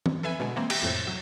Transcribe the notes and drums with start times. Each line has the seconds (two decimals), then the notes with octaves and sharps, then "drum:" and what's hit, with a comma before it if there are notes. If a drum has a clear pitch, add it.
0.06 drum: tom E3
0.23 A4 B4 E5 G#5 B5
0.40 B2 D3 G#3
0.56 E3 A#3 C4
0.70 G4 E5 G5, drum: cymbal
0.83 F2 A2 C3
1.07 F#3